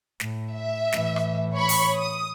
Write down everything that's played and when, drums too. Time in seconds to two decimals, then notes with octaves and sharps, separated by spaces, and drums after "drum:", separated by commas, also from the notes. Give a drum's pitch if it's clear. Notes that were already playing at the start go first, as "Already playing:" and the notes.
0.20 A2, drum: snare
0.52 E5
0.92 A2 E3, drum: snare
1.16 drum: rim click
1.55 C#5 B5 C#6
1.69 drum: open hi-hat
1.98 D#6